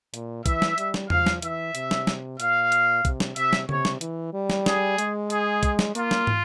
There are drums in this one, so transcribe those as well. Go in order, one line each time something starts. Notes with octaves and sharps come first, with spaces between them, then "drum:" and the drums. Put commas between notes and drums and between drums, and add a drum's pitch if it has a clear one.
A#2, drum: hi-hat
E3 E5, drum: kick, hi-hat
drum: snare
G3, drum: hi-hat
drum: snare
F3 F5, drum: tom E2
drum: snare
E3 E5, drum: hi-hat
C3, drum: hi-hat
drum: snare
drum: snare
A#2 F5, drum: hi-hat
drum: hi-hat
C3, drum: kick, hi-hat
drum: snare
C3 E5, drum: hi-hat
drum: snare
C3 C#5, drum: tom C#3
drum: snare
E3, drum: hi-hat
G3
drum: snare
G#4, drum: snare
G#3, drum: hi-hat
G#4, drum: hi-hat
drum: kick, hi-hat
drum: snare
A#3 F4, drum: hi-hat
drum: snare
drum: tom